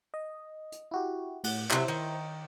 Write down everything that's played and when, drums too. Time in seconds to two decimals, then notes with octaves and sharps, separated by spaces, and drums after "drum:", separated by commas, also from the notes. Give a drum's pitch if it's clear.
0.14 D#5
0.72 drum: hi-hat
0.91 E4 F#4 G4
1.44 A2 F#5, drum: cymbal
1.71 C3 F#3 E4 C5 E5, drum: clap
1.88 D#3